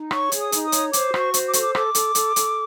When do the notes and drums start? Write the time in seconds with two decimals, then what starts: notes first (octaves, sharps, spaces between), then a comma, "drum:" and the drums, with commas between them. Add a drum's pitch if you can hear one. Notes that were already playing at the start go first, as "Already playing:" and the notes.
Already playing: D#4
0.11 C#5 C#6, drum: rim click
0.32 G#4, drum: hi-hat
0.39 D#6
0.52 D#4, drum: hi-hat
0.66 D#6
0.72 C#5, drum: hi-hat
0.93 C5 D6, drum: hi-hat
1.14 F#4, drum: rim click
1.19 C#6
1.34 C5, drum: hi-hat
1.47 D6
1.53 A4 C#6, drum: hi-hat
1.62 D6
1.75 A4 D6, drum: rim click
1.95 A4, drum: hi-hat
2.15 A4, drum: hi-hat
2.36 A4, drum: hi-hat